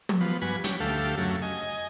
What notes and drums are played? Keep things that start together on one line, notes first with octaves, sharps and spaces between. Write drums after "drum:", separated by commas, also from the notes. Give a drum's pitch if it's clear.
drum: tom
F3 B3
G2 F#4 B4 G#5
F#3 G3 C#4, drum: hi-hat
D2 A3 G4 A4 F5
F#2 C#3 F#3 A3
D#5 G#5